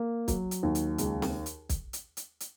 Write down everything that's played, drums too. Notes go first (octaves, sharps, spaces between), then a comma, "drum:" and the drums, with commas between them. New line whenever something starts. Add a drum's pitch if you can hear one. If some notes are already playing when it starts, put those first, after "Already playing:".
Already playing: A#3
F#3, drum: kick, hi-hat
drum: hi-hat
D#2
drum: hi-hat
C#2, drum: hi-hat
drum: snare C4
drum: hi-hat
drum: kick, hi-hat
drum: hi-hat
drum: hi-hat
drum: hi-hat